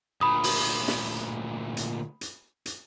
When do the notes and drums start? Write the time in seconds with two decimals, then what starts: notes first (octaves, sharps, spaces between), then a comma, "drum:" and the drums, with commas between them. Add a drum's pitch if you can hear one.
0.21 D2 A#2 B5 D#6
0.44 drum: open hi-hat
0.88 drum: snare
1.77 drum: hi-hat
2.21 drum: hi-hat
2.66 drum: hi-hat